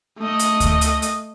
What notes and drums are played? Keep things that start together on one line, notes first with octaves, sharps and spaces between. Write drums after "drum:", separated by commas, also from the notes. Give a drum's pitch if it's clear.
A3 D#5
drum: hi-hat
drum: kick D2, hi-hat
drum: hi-hat
drum: hi-hat